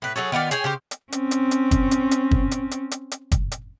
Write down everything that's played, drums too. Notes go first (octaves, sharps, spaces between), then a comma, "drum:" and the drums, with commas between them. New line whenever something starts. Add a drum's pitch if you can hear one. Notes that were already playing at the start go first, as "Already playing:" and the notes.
A2 B4
F#3 G#4 A4 C#5
D#3 B3 F4 D5
G#4 C#5 G5 G#5, drum: hi-hat
C#3 G4 C5
drum: hi-hat
C4 C#4, drum: hi-hat
drum: hi-hat
drum: hi-hat
drum: kick, hi-hat
drum: hi-hat
drum: hi-hat
drum: kick
drum: hi-hat
drum: hi-hat
drum: hi-hat
drum: hi-hat
drum: kick, hi-hat
drum: hi-hat